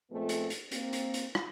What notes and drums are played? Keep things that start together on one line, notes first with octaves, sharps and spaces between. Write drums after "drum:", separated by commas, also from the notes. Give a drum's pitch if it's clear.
A#2 F3 G#3 A3 B3 C4
drum: hi-hat
drum: hi-hat
A#3 C4, drum: hi-hat
drum: hi-hat
drum: hi-hat
drum: rim click